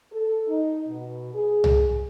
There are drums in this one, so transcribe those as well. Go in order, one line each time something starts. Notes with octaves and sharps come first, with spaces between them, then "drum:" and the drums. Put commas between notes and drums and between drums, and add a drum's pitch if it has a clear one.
A4
D#4
B2
G#4
drum: tom C2